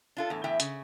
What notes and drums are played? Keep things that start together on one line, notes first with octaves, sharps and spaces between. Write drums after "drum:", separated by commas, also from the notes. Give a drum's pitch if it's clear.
D4 F4 A4
E2 A2
E2 A2 E5 G5
C#3, drum: hi-hat